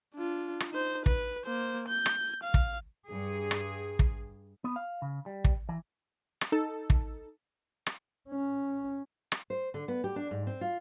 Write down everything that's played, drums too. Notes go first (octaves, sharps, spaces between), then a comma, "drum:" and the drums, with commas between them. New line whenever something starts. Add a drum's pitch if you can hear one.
D4 F4
drum: rim click
D#4 C5
B4, drum: kick
A#3 C5
G6
drum: rim click
F5
drum: kick
G2 G#4
drum: rim click
drum: kick
B3
F5
C#3
G3
drum: kick
E3
drum: rim click
D#4 A4
drum: kick
drum: rim click
C#4
drum: rim click
C5
D3
B3
G4
D4
G#2
C4
F4